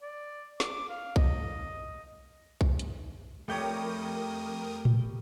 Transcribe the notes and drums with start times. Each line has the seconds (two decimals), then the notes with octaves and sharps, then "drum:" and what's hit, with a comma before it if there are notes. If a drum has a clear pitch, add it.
0.02 D5
0.60 D6, drum: snare
0.89 F5
1.16 D#5, drum: kick B1
2.61 drum: kick B1
2.79 drum: hi-hat
3.48 F2 G3 A3 G4 A#4 C#5 G5 D#6
4.85 drum: tom A2